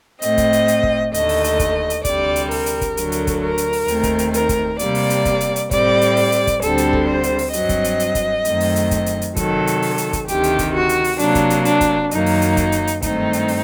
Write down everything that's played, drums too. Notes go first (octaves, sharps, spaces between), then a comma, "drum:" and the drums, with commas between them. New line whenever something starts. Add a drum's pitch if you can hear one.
A2 A3 C4 D#5, drum: hi-hat
drum: kick, hi-hat
drum: hi-hat
drum: hi-hat
drum: kick
D#2 D3 A3 D#5, drum: hi-hat
drum: open hi-hat
drum: hi-hat
drum: kick, hi-hat
drum: hi-hat
D2 C3 G3 D5, drum: kick, hi-hat
drum: hi-hat
A#4, drum: open hi-hat
drum: hi-hat
drum: kick, hi-hat
D2 D3 F#3 A3, drum: hi-hat
drum: hi-hat
drum: kick, hi-hat
A#4
drum: hi-hat
drum: open hi-hat
D#2 D#3 A3 C4, drum: hi-hat
drum: kick, hi-hat
drum: hi-hat
A#4, drum: hi-hat
drum: kick, hi-hat
C3 G3 A#3 D5, drum: hi-hat
drum: open hi-hat
drum: hi-hat
drum: kick, hi-hat
drum: hi-hat
drum: hi-hat
A2 G3 C4 D5, drum: kick, hi-hat
drum: hi-hat
drum: open hi-hat
drum: hi-hat
drum: kick, hi-hat
D2 D3 G3 C4 A4, drum: hi-hat
drum: hi-hat
drum: kick
C5
drum: hi-hat
drum: open hi-hat
G2 F#3 C4 D#5, drum: hi-hat
drum: kick, hi-hat
drum: hi-hat
drum: hi-hat
drum: kick, hi-hat
F#2 D#3 A3 C4, drum: hi-hat
drum: open hi-hat
drum: hi-hat
drum: kick, hi-hat
drum: hi-hat
drum: hi-hat
C3 D#3 F#3 A4, drum: kick, hi-hat
drum: hi-hat
drum: open hi-hat
drum: hi-hat
drum: kick, hi-hat
D2 C3 D#3 G4, drum: hi-hat
drum: hi-hat
drum: kick, hi-hat
F#4
drum: hi-hat
drum: open hi-hat
C3 F#3 A#3 D4, drum: hi-hat
drum: kick, hi-hat
drum: hi-hat
D4, drum: hi-hat
drum: kick, hi-hat
F#2 D#3 F#3 A#3 D#4, drum: hi-hat
drum: open hi-hat
drum: hi-hat
drum: kick, hi-hat
drum: hi-hat
drum: hi-hat
G2 D#3 A3 C4 D#4, drum: kick, hi-hat
drum: hi-hat
drum: open hi-hat